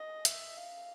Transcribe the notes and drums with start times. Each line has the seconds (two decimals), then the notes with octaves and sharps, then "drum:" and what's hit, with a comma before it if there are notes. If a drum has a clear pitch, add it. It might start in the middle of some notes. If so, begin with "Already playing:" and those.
Already playing: D#5
0.25 E5, drum: hi-hat
0.57 F5